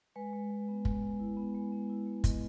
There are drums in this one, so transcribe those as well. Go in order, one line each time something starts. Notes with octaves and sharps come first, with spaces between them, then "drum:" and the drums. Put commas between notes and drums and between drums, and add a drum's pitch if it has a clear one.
G#3 B4
G#3
G#3
B3
G#3, drum: kick
G#3
E4
B3
G#3
B3
E4
G#3
B3 D#5, drum: kick, hi-hat